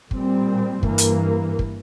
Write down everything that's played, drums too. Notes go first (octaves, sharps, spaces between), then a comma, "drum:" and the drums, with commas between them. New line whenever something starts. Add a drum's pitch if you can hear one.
A#2 G3 C4, drum: kick
G2 E3 A#3, drum: kick
drum: hi-hat
drum: kick